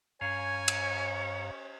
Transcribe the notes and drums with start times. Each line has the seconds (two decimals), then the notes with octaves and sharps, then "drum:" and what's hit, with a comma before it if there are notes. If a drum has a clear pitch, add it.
0.21 G2 C#4 C#5 F5 G#5 A#5
0.68 drum: cymbal